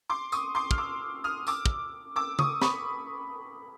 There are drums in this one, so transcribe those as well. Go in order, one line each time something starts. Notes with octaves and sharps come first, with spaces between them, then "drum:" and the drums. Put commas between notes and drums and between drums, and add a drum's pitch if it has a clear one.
C6 D6
C#6 D#6, drum: tambourine
C6 D6
F6, drum: kick
D6 E6
D#6 F6
D6 E6, drum: tambourine
drum: kick
D6 E6
C#6 D#6, drum: tom C#3
B5 C#6, drum: snare